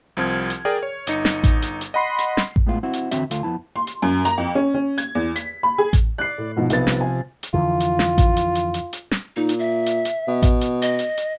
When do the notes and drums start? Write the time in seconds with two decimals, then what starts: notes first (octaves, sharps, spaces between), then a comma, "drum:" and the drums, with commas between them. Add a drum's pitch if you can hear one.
0.17 C2 F3 C4 F6 G#6
0.50 drum: hi-hat
0.65 G#4 A#4 D5 G5
0.83 C#5
1.07 G1 D#4 C#7, drum: hi-hat
1.25 drum: snare
1.44 drum: kick A1, hi-hat
1.62 drum: hi-hat
1.81 drum: hi-hat
1.94 D#5 F#5 B5 C6 C7
2.18 drum: hi-hat
2.37 drum: snare
2.56 drum: kick A1
2.67 A2 G#3 B3 F4
2.83 C4 E4 F#4
2.93 drum: hi-hat
3.11 E2 D3 C4 F#4 E5, drum: hi-hat
3.31 D2 A3 F4, drum: hi-hat
3.43 F2 B3 E4 A5
3.76 C6
3.87 drum: hi-hat
4.02 F#2
4.25 A#5, drum: hi-hat
4.38 F2
4.55 C#4
4.74 C#4
4.98 G#6, drum: hi-hat
5.15 E2
5.36 B6, drum: hi-hat
5.63 B5
5.78 G#4
5.93 drum: kick A1, hi-hat
6.18 D5 F#6 C7
6.38 A2
6.56 G#2 B2 F3
6.70 B1 C3 F3 B3 A6, drum: hi-hat
6.87 drum: snare
7.01 G#5
7.43 drum: hi-hat
7.54 F2 D3 E3 F4
7.80 drum: hi-hat
7.99 drum: snare
8.18 drum: kick A1, hi-hat
8.36 drum: hi-hat
8.55 drum: hi-hat
8.74 drum: hi-hat
8.93 drum: hi-hat
9.11 drum: snare
9.36 A#2 D#4
9.49 drum: hi-hat
9.59 E5
9.86 drum: hi-hat
10.05 drum: hi-hat
10.28 B2
10.42 drum: kick A1, hi-hat
10.61 drum: hi-hat
10.82 D#5, drum: hi-hat
10.99 drum: hi-hat
11.17 drum: hi-hat